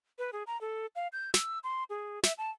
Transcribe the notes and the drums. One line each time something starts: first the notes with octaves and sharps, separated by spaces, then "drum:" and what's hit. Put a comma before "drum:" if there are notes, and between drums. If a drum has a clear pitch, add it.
B4
G#4
A#5
A4
F5
G6
E6, drum: snare
C6
G#4
E5, drum: snare
A5